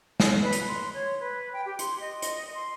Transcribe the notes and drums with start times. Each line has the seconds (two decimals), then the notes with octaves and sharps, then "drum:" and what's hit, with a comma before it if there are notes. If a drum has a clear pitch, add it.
0.20 drum: snare
0.42 B4
0.53 drum: hi-hat
0.68 C6
0.94 C#5
1.20 B4
1.53 G5
1.66 G4
1.79 C6, drum: hi-hat
2.01 D#5
2.22 drum: hi-hat
2.54 C6